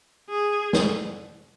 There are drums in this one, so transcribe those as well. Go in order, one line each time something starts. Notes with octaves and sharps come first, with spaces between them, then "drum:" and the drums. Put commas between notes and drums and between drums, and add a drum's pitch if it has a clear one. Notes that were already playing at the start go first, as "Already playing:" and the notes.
G#4
drum: snare